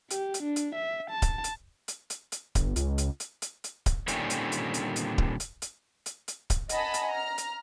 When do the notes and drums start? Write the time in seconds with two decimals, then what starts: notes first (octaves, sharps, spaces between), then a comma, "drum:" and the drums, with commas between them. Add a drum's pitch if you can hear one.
0.11 G4, drum: hi-hat
0.34 drum: hi-hat
0.43 D4
0.56 drum: hi-hat
0.75 E5
1.10 A5
1.22 drum: kick D1, hi-hat
1.44 drum: hi-hat
1.88 drum: hi-hat
2.10 drum: hi-hat
2.32 drum: hi-hat
2.55 G1, drum: kick D1, hi-hat
2.76 C#2, drum: hi-hat
2.98 drum: hi-hat
3.20 drum: hi-hat
3.42 drum: hi-hat
3.64 drum: hi-hat
3.86 drum: kick D1, hi-hat
4.08 A#2 D3 D#3 G3 C4 C#4, drum: hi-hat
4.30 drum: hi-hat
4.52 drum: hi-hat
4.74 drum: hi-hat
4.96 drum: hi-hat
5.18 drum: kick D1
5.40 drum: hi-hat
5.62 drum: hi-hat
6.06 drum: hi-hat
6.28 drum: hi-hat
6.50 drum: kick D1, hi-hat
6.69 D#5 F#5 G#5 A5 B5, drum: hi-hat
6.94 drum: hi-hat
7.10 A#5 F6
7.38 drum: hi-hat